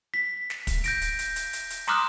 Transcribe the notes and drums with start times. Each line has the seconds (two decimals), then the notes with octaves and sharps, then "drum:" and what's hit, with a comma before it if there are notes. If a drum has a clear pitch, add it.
0.14 B6
0.50 drum: snare
0.67 drum: kick, hi-hat
0.84 G6 A#6 D7, drum: hi-hat
1.01 drum: hi-hat
1.19 drum: hi-hat
1.36 drum: hi-hat
1.53 drum: hi-hat
1.70 drum: hi-hat
1.87 A#5 C6 D6 D#6 F6 F#6, drum: snare